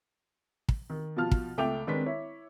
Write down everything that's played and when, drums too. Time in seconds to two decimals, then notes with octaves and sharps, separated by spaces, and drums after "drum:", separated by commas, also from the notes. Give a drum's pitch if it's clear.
0.69 drum: kick
0.90 D#3
1.16 B2 F3 F4 A5 F6
1.31 drum: kick
1.57 C#2 A3 G5 D6 F7
1.87 D#3 G#3 C4 D4 B4 B6
2.06 E4 C#5